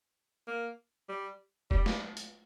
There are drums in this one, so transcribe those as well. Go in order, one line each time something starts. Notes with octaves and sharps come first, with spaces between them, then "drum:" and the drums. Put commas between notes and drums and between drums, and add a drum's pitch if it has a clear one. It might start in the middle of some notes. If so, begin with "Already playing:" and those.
A#3
G3
G3, drum: kick E1
drum: snare
drum: hi-hat